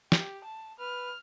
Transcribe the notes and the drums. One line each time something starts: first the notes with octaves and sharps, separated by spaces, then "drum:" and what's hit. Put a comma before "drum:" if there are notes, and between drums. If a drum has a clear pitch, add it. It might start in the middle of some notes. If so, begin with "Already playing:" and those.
G4, drum: snare
A5
B4 F6